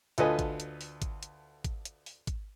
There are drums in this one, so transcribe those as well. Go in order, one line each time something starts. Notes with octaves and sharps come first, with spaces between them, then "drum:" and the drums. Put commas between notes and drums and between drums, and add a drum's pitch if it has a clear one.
D2 F4 A4 B4 D#5 G#5, drum: hi-hat
drum: kick, hi-hat
drum: hi-hat
drum: open hi-hat
drum: kick, hi-hat
drum: hi-hat
drum: kick, hi-hat
drum: hi-hat
drum: open hi-hat
drum: kick, hi-hat